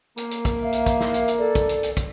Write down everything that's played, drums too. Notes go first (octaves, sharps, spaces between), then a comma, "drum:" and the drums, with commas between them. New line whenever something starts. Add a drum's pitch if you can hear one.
A#3, drum: hi-hat
drum: hi-hat
drum: kick, hi-hat
E5 F5
drum: hi-hat
drum: kick, hi-hat
drum: snare
drum: hi-hat
drum: hi-hat
A4 D5
drum: kick, hi-hat
drum: hi-hat
drum: hi-hat
drum: kick, hi-hat